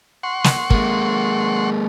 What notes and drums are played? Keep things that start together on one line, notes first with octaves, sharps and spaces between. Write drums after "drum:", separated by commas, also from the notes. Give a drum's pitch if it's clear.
F#5 C6 C#6
drum: snare
G#3 A#3, drum: kick